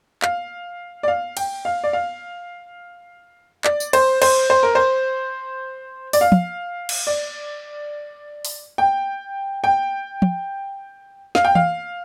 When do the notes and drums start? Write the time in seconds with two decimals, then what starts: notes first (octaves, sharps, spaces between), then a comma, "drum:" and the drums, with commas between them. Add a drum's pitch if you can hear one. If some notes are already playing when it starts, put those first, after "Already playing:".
0.22 F5, drum: clap
1.03 D5
1.08 F5
1.37 G5, drum: cymbal
1.65 F5
1.84 D5
1.93 F5
3.64 D5, drum: clap
3.80 drum: tambourine
3.93 C5, drum: cymbal
4.22 C5, drum: cymbal
4.50 C5
4.63 A#4
4.75 C5
6.13 D5, drum: open hi-hat
6.21 F5
6.32 drum: tom
6.89 drum: cymbal
7.07 D5
8.45 drum: open hi-hat
8.78 G5
9.64 G5
10.22 drum: tom
11.35 F5, drum: snare
11.45 G5
11.55 F5, drum: tom E3